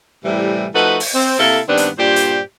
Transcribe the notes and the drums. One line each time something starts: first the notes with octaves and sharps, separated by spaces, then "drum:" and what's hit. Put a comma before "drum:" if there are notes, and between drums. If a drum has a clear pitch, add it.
A2 C3 E3 G3
F3 A3 D#4 F#4 A4 B4
drum: open hi-hat
C4
C3 A#3 E4 A4
G2 D#3 B3 C4 D4
drum: hi-hat
G2 A#2 G4 C5 D5
drum: hi-hat